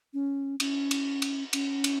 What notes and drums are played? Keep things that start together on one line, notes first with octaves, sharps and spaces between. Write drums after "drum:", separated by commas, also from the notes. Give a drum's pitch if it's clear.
C#4
C#4, drum: cymbal
drum: cymbal
drum: cymbal
C#4, drum: cymbal
drum: cymbal